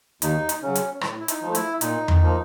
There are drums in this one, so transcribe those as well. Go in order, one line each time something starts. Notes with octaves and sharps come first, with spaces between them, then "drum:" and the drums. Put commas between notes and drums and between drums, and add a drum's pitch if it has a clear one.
D#2 D#4, drum: hi-hat
drum: hi-hat
C#3 F#3 C#4
drum: hi-hat
A2, drum: rim click
E4
D#4, drum: hi-hat
F3 A3
E4, drum: hi-hat
A#2 D#4, drum: hi-hat
drum: tom E2
F3 A#3